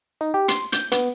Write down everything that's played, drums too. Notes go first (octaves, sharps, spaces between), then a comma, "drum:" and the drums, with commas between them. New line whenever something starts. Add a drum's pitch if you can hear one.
D#4
G4
C6, drum: hi-hat
G6, drum: hi-hat
B3, drum: hi-hat